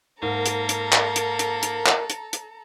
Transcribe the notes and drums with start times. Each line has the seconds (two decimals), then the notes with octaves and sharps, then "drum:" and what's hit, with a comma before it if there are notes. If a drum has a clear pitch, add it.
0.22 G#2 A#3 A4 A#4 A#5
0.46 drum: hi-hat
0.69 drum: hi-hat
0.92 drum: clap
1.16 drum: hi-hat
1.39 drum: hi-hat
1.63 drum: hi-hat
1.86 drum: clap
2.10 drum: hi-hat
2.33 drum: hi-hat